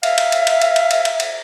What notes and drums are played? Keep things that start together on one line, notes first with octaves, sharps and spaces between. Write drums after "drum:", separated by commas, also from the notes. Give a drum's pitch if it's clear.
E5 F5, drum: cymbal
drum: cymbal
drum: cymbal
drum: cymbal
drum: cymbal
drum: cymbal
drum: cymbal
drum: cymbal
drum: cymbal